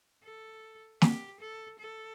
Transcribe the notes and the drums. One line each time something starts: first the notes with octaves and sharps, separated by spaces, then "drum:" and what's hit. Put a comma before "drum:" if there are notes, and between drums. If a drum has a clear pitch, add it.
A4
G4, drum: snare
A4
A4